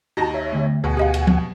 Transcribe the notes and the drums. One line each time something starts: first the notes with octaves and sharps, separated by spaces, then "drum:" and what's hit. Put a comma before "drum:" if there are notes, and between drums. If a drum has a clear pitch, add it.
D#2 D#4 F#4 A5 A#5 A#6
C#5 E5
D3 A3
D2 B2 G#4 F#5 G#5
G4 D#5 F5
drum: cymbal
drum: tom F3